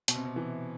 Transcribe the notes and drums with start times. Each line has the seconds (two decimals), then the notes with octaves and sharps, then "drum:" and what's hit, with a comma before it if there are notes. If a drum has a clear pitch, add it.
0.08 B2, drum: hi-hat
0.15 C3
0.25 C3
0.36 E3